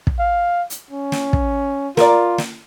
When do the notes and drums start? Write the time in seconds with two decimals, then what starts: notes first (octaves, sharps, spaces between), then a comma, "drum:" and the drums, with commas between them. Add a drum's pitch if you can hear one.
0.07 drum: kick
0.19 F5
0.70 drum: hi-hat
0.91 C#4
1.12 drum: snare
1.33 drum: kick
1.97 F4 A#4 D5, drum: snare
2.38 drum: snare